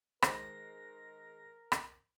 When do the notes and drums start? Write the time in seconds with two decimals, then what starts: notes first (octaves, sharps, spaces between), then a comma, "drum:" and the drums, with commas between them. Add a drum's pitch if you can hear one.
0.22 D#3 G#3 A#4 C5 A#6, drum: rim click
1.72 drum: rim click